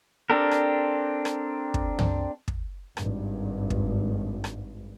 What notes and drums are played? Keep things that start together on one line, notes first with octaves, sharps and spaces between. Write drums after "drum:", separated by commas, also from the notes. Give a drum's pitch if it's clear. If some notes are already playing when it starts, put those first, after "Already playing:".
C4 D4 G4 A4 A#4
drum: rim click
drum: rim click
drum: kick
drum: tom
drum: kick
G#1 G2, drum: rim click
drum: kick
drum: rim click